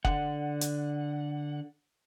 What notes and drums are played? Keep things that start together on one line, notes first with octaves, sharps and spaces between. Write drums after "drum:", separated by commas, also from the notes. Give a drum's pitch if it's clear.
D3 F#5, drum: kick F#1
drum: hi-hat